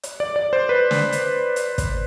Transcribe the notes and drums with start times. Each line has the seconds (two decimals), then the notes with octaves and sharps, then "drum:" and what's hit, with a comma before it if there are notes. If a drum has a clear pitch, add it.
0.03 drum: hi-hat
0.20 D5
0.36 D5
0.53 C5
0.69 B4
0.91 drum: snare
1.13 drum: hi-hat
1.56 drum: hi-hat
1.78 drum: kick, hi-hat